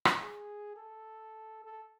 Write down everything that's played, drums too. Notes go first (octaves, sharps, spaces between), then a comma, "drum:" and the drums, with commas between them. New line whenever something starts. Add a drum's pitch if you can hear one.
drum: rim click
G#4
A4
A4